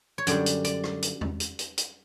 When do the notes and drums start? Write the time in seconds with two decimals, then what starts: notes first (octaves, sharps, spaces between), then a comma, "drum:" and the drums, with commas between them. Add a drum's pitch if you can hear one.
0.18 C#5
0.27 F#2 D3 G3 D5, drum: hi-hat
0.46 drum: hi-hat
0.64 D5, drum: hi-hat
0.84 drum: rim click
1.02 drum: hi-hat
1.21 drum: tom E2
1.40 drum: hi-hat
1.59 drum: hi-hat
1.77 drum: hi-hat